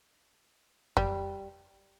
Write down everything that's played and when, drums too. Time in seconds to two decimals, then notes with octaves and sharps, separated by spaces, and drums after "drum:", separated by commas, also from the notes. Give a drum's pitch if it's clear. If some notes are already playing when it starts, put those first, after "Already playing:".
0.97 G3, drum: kick F2